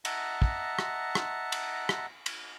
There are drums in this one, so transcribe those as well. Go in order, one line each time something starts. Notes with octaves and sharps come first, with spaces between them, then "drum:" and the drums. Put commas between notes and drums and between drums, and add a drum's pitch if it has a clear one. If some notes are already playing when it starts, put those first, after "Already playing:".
D#5 E5 F#5 A5 A#5, drum: cymbal
drum: kick
drum: rim click
drum: rim click
drum: cymbal
drum: rim click
drum: cymbal